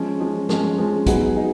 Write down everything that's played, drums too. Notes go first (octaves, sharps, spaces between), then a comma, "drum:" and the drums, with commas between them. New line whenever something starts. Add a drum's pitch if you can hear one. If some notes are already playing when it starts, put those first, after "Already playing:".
Already playing: F3 G#3 C#4
F3 G#3 C#4
F3 G#3 C#4, drum: snare
F3 G#3 C#4
F#3 B3 D#4 G#4, drum: kick, hi-hat
D#4 G#4